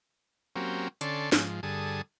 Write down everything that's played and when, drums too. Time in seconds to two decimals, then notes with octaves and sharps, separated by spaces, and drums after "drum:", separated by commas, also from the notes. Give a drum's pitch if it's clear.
0.56 F#3 A#3 C4 C#4 G4
1.01 D3 C#4 A4 D5 C6, drum: hi-hat
1.32 G#2 F3, drum: snare
1.63 G2 D3 G#4 A4 D#6